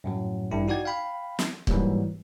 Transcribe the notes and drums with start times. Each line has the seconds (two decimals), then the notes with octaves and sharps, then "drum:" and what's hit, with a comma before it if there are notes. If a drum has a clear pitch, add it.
0.04 F#2 A2 F#3
0.51 A1 G2 E4
0.68 D#4 F#4 D5 G5 G#6
0.85 F5 G5 B5
1.39 drum: snare
1.67 G#2 E3 F#3 G3 A#3, drum: kick